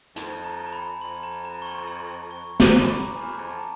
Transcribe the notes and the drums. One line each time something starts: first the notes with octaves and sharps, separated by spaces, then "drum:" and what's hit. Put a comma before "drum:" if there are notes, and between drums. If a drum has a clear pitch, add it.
F2 A5, drum: hi-hat
A#5
A#5
B5
F2 C6
A#5
A#5
C#6
C6
C6
C#6
drum: snare
F#2 D6
B5
A#5
E2 G#5
F2 A5
A#5